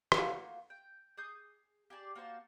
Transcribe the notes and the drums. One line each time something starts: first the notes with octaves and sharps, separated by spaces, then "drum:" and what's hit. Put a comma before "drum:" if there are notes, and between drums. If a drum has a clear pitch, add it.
A3 A#3 F4 F#4, drum: rim click
G5
G#4 D#6 G6
G4 G#4 D5 A5
A#3 F#4 C5 A5